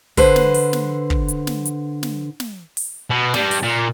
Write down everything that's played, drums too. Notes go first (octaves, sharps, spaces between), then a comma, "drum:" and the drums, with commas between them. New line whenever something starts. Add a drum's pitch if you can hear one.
D3 B4 C5, drum: kick, open hi-hat
drum: snare
drum: open hi-hat
drum: snare
drum: kick
drum: hi-hat
drum: snare
drum: hi-hat
drum: snare
drum: snare
drum: open hi-hat
B2
G3 D4, drum: snare
drum: open hi-hat
A#2